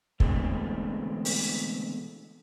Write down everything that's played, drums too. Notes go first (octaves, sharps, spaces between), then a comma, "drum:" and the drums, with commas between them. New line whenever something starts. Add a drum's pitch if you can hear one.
B2 D3 E3 G#3 A3 C4, drum: kick
drum: open hi-hat